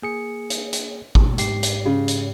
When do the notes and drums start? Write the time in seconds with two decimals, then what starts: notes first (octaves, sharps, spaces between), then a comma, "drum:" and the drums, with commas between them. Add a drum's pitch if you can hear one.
0.02 A#3 G#4 C#7
0.50 drum: hi-hat
0.73 drum: hi-hat
1.15 B2, drum: kick G#1
1.38 G#2 G4 C7, drum: hi-hat
1.63 drum: hi-hat
1.85 C#3
2.08 drum: hi-hat